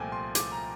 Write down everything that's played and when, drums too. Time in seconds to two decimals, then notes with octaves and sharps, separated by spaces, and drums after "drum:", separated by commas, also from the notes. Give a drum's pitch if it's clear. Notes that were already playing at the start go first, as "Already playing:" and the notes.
Already playing: C2 A#2 F3 A3 G5 G#5
0.12 C6
0.35 D6, drum: hi-hat
0.52 A#5